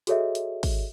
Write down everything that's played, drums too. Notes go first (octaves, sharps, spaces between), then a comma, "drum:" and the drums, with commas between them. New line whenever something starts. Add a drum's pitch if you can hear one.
F#4 G#4 A4 C#5 D#5 E5, drum: hi-hat
drum: hi-hat
drum: kick, open hi-hat